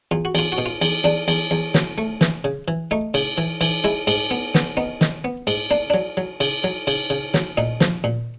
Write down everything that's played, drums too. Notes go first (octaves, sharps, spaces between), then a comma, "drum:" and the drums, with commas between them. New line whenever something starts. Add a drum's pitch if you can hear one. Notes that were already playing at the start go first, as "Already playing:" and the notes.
E2 F4
F#4
E2 F4, drum: cymbal
F#4
B2
F4
E2, drum: cymbal
E2 D4
E2, drum: cymbal
E2
F#3, drum: snare
A3
E3, drum: snare
C#3
E3
A3 D#4
C#3, drum: cymbal
E3
E3, drum: cymbal
G#3 E4
G#2, drum: cymbal
B3
B3, drum: snare
B3 D#4
D#3, drum: snare
B3
G#2, drum: cymbal
A#3 D4
F#3 D4
F#3
C#3, drum: cymbal
F#3
C#3, drum: cymbal
C#3
F#3, drum: snare
A#2 D#4
F3, drum: snare
A#2